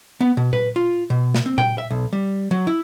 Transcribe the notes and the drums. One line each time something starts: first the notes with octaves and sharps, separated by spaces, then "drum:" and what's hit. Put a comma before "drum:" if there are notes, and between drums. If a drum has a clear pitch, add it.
B3
B2
B4, drum: tom A#2
F4
B2
drum: snare
C4
G5, drum: tom A#2
E5
B1
G3
F#3
E4